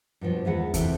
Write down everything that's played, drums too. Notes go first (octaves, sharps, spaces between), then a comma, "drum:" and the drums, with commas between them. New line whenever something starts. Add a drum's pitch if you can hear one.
G2 B2 F3
E2 D#3 G#3 G#4 B4 F#5
C3 E3 C4 A4 A5, drum: kick E2, hi-hat